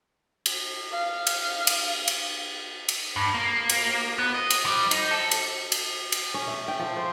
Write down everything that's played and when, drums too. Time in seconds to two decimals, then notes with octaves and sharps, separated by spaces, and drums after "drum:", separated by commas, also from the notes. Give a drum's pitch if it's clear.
0.46 drum: cymbal
0.92 F5
1.27 drum: cymbal
1.67 drum: cymbal
2.08 drum: cymbal
2.89 drum: cymbal
3.16 G2
3.34 A#3
3.69 drum: cymbal
4.18 B3
4.35 D#5
4.50 drum: cymbal
4.66 G3
4.91 D#4, drum: cymbal
5.11 A4
5.31 drum: cymbal
5.72 drum: cymbal
6.12 drum: cymbal
6.34 C#4
6.48 E5
6.68 G5
6.79 F3
6.96 C5